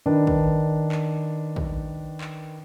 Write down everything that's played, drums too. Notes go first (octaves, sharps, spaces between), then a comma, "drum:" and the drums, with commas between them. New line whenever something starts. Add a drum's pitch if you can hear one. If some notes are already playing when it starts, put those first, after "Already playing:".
D#3 D4 B4
drum: kick
drum: clap
drum: kick
drum: clap